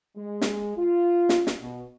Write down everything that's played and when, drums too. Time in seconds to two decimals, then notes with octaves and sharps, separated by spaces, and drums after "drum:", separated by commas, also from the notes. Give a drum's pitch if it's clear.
0.16 G#3
0.41 drum: snare
0.77 F4
1.29 drum: snare
1.47 drum: snare
1.61 B2